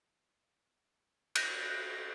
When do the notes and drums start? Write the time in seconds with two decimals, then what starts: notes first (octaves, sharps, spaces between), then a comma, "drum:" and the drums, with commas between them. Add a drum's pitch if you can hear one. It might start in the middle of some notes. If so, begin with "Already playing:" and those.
1.35 F#6 G6 A#6, drum: cymbal